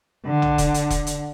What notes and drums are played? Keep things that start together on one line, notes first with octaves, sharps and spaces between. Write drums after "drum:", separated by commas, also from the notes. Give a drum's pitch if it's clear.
D3
drum: tom A#1
drum: kick E1, hi-hat
drum: hi-hat
drum: kick E1, hi-hat
drum: hi-hat